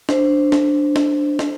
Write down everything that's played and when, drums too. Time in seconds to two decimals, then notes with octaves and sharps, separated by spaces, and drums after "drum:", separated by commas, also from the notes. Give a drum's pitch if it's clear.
0.09 D4 C5, drum: snare
0.52 drum: snare
0.96 drum: snare
1.39 drum: snare